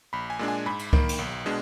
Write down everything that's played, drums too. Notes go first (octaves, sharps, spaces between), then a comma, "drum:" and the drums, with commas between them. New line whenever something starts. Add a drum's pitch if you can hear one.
A#1 B5
G#5
A#2 G#3 D4
G#5
G#2 B5
drum: cymbal
D#3 A#3, drum: kick C#2
drum: cymbal
B1
B2 G#3 D4